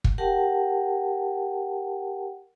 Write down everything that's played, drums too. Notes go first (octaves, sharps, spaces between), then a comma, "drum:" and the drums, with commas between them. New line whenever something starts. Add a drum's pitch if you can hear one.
drum: kick
G4 A#4 F#5 G5 A5